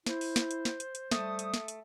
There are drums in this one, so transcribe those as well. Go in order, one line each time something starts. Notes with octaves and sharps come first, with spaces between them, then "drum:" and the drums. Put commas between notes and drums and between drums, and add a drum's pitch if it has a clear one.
E4 C5, drum: snare
drum: open hi-hat
drum: snare
drum: hi-hat
drum: snare
drum: hi-hat
drum: hi-hat
G3 A3 D#6, drum: snare
drum: hi-hat
drum: snare
drum: hi-hat